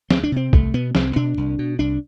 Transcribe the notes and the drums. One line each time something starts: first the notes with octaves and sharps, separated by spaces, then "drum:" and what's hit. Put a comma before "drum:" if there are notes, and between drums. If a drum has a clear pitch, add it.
D2 C4, drum: snare
D4
C3 C4
C2 A3, drum: kick A1
B2 B3
C2 C4, drum: snare
B2 D4
C2
B2
C2 D4